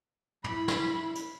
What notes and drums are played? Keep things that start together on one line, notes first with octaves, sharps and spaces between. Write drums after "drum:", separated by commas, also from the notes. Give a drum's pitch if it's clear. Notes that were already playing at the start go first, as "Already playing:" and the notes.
E4 B5, drum: tom
drum: snare
drum: hi-hat